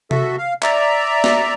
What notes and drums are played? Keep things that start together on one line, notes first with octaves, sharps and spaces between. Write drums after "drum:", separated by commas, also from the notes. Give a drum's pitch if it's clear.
F#4 A4 E5, drum: tom C3
F5
D5 E5 A#5, drum: clap
drum: snare